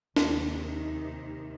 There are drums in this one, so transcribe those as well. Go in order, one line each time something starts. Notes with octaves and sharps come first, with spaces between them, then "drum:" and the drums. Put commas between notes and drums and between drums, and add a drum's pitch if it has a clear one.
D#2 C3 D#3, drum: snare D4